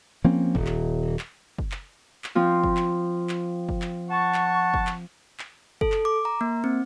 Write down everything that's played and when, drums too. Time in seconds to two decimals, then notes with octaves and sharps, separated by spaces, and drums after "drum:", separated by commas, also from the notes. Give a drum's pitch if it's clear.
0.24 F3 A#3 C4 C#4
0.55 D#1, drum: kick F#1
0.67 drum: clap
1.19 drum: clap
1.58 drum: kick F#1
1.72 drum: clap
2.24 drum: clap
2.35 F3 C4 F4
2.64 drum: kick F#1
2.77 drum: clap
3.29 drum: clap
3.69 drum: kick F#1
3.82 drum: clap
4.10 F#5 A5 C#6
4.34 drum: clap
4.74 drum: kick F#1
4.87 drum: clap
5.39 drum: clap
5.81 A4, drum: kick F#1
5.92 drum: clap
6.05 D6
6.25 A#5
6.41 A#3
6.64 C4